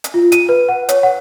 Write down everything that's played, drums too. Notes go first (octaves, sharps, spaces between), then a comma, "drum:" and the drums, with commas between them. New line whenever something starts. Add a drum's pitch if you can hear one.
drum: hi-hat
F4
D#7, drum: hi-hat
B4
F#5
C#5, drum: hi-hat
F#5